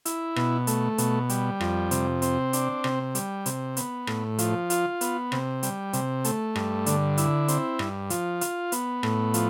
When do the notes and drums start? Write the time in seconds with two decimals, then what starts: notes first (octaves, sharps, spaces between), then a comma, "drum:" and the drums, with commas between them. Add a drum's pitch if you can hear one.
0.05 E4, drum: hi-hat
0.36 B2, drum: rim click
0.67 A3, drum: hi-hat
0.98 B2, drum: hi-hat
1.29 G3, drum: hi-hat
1.61 F2, drum: rim click
1.91 C3, drum: hi-hat
2.22 C4, drum: hi-hat
2.53 D4, drum: hi-hat
2.84 C3, drum: rim click
3.15 G3, drum: hi-hat
3.46 C3, drum: hi-hat
3.77 B3, drum: hi-hat
4.07 A2, drum: rim click
4.39 F3, drum: hi-hat
4.70 F4, drum: hi-hat
5.01 B3, drum: hi-hat
5.32 C3, drum: rim click
5.63 G3, drum: hi-hat
5.93 C3, drum: hi-hat
6.24 A3, drum: hi-hat
6.56 G2, drum: rim click
6.86 D3, drum: hi-hat
7.17 E4, drum: hi-hat
7.48 C4, drum: hi-hat
7.79 G2, drum: rim click
8.10 F3, drum: hi-hat
8.41 F4, drum: hi-hat
8.72 B3, drum: hi-hat
9.03 A2, drum: rim click
9.34 F3, drum: hi-hat